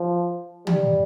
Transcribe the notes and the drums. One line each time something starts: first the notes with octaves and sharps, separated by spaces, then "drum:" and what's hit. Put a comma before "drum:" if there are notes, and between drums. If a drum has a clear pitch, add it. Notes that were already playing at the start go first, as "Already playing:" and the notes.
Already playing: F3
G3, drum: tom